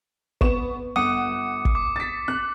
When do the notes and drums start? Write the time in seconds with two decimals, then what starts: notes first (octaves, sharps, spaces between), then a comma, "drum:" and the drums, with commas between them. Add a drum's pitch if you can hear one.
0.41 B3 C#6 E7, drum: kick
0.96 G1 F#5 D6 D#6 C#7
1.65 drum: kick
1.75 D6
1.96 A6 B6
2.28 F#6